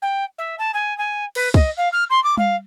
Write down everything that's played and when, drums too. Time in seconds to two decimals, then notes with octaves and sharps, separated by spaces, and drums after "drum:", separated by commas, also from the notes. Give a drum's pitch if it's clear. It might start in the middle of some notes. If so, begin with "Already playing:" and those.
0.01 G5
0.38 E5
0.58 A5
0.73 G#5
0.98 G#5
1.35 B4, drum: cymbal
1.54 D#5, drum: kick
1.77 F5
1.92 F6
2.09 C6
2.23 D6
2.37 F5, drum: tom G3